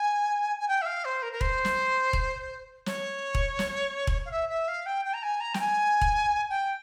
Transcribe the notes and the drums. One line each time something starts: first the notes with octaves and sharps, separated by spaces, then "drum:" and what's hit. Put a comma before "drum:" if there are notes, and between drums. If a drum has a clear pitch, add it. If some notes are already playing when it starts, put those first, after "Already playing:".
Already playing: G#5
G#5
G5
E5
F5
C5
A#4
A#4
C5, drum: kick E1
drum: snare
drum: kick E1
C#5, drum: snare
drum: kick E1
drum: snare
drum: kick E1
F5
E5
E5
F5
G5
G5
A#5
G#5
A#5
G5, drum: snare
G#5
drum: kick E1
G5